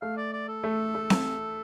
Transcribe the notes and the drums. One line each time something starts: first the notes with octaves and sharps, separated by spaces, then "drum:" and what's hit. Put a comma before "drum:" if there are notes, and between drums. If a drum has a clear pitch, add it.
A3 F5
D5
D5
A4
A3
A3
drum: snare C4